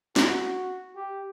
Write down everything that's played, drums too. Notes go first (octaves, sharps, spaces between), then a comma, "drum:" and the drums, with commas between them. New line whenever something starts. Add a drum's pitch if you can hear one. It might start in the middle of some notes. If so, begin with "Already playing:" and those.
F#4, drum: snare
G4